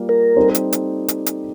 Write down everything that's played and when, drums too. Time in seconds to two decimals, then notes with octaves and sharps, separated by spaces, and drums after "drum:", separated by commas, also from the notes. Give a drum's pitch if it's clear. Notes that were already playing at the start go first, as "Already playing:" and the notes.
Already playing: G3 A#3 F4
0.09 A#4
0.36 G3 C4 D#4 A4 C5
0.55 drum: hi-hat
0.72 drum: hi-hat
1.08 drum: hi-hat
1.26 drum: hi-hat